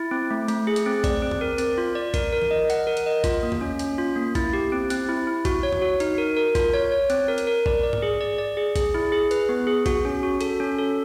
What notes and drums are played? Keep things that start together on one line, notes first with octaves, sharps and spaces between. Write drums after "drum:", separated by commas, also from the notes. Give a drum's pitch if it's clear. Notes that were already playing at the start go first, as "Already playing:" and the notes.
Already playing: E4
C4
A3
A3, drum: hi-hat
G#4
drum: hi-hat
C4
D5, drum: kick A#1, hi-hat
C4
drum: tom E2
A#4
C4, drum: hi-hat
F4
D5
A#4, drum: kick A#1, hi-hat
A#4
drum: tom E3
D#5
F#5, drum: hi-hat
A#4
drum: hi-hat
D#5
F4, drum: kick A#1, hi-hat
A#3
drum: tom E2
C#4
C#4, drum: hi-hat
F4
A#3
E4, drum: kick A#1, hi-hat
G4
C4
C4, drum: hi-hat
E4
E4
F#4, drum: kick A#1, hi-hat
C#5
drum: tom E2
F#4
D#4, drum: hi-hat
A#4
A#4
F4, drum: kick A#1, hi-hat
C#5
C#5
C4, drum: hi-hat
A#4
drum: hi-hat
A#4
D5, drum: kick A#1
D5
drum: tom G#2
G#4
D5
D5
G#4
G#4, drum: kick A#1, hi-hat
E4
G#4
B4, drum: hi-hat
B3
G#4
F#4, drum: kick A#1, hi-hat
C#4
F#4
A4, drum: hi-hat
C#4
A4